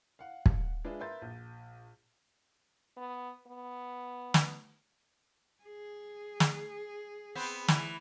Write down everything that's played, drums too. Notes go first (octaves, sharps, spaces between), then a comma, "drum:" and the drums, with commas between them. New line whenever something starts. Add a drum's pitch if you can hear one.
F5 F#5
drum: kick
G#3 D4 F4 G#4 B4 E5
A#4 B4 E5 C6 G6 A6
A#1
B3
B3
drum: snare
G#4
drum: snare
B3 C4
E3, drum: snare